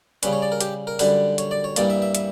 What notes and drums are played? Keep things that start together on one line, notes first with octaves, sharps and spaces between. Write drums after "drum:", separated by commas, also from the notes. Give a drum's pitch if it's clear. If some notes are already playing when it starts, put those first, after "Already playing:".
C#3 G3 C#4 B4, drum: hi-hat
C#5
D5
A#4
G4, drum: hi-hat
A#4
F#2 D3 G3 B4, drum: open hi-hat
C#5, drum: hi-hat
D5
C#5
G2 E3 G3 A#3 D5, drum: hi-hat
E5
E5
E5, drum: hi-hat